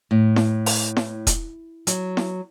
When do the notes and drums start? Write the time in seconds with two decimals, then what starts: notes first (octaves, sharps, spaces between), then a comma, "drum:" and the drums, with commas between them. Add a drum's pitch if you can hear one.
0.11 A2
0.36 drum: snare E4
0.66 drum: open hi-hat
0.97 drum: snare E4
1.27 drum: kick E1, hi-hat
1.87 F#3, drum: hi-hat
2.17 drum: snare E4